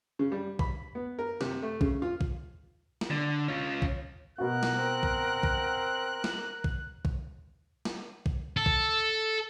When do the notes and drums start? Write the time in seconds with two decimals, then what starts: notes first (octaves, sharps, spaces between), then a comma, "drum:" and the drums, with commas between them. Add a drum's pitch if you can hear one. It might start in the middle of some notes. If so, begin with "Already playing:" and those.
0.19 C#3
0.32 G3
0.59 B5, drum: kick B1
0.95 B3
1.19 A#4
1.41 C3, drum: snare
1.62 A3
1.81 C#3, drum: kick B1
2.02 F4
2.21 drum: kick B1
3.01 drum: snare
3.11 D3
3.48 C#4 F4
3.82 drum: kick B1
4.38 B2 F#4 A#4 F#6
4.63 drum: snare
4.77 C4
5.03 drum: kick B1
5.43 drum: kick B1
6.24 drum: snare
6.64 drum: kick B1
7.05 drum: kick B1
7.85 drum: snare
8.26 drum: kick B1
8.57 A4
8.66 drum: kick B1